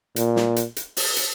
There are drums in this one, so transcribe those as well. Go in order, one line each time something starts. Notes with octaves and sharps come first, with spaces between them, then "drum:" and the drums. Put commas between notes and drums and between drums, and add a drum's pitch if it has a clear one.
A#2, drum: hi-hat
drum: snare
drum: hi-hat
drum: hi-hat
drum: open hi-hat
drum: hi-hat